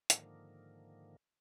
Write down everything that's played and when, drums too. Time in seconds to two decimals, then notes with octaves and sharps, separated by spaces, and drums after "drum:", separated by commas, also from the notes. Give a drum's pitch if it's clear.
0.10 G#2 D3 D#3 F3 A#3, drum: hi-hat